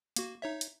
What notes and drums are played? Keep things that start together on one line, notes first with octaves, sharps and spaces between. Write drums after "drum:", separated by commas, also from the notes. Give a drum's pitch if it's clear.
A#3 F#4, drum: hi-hat
D#4 C#5 E5
drum: hi-hat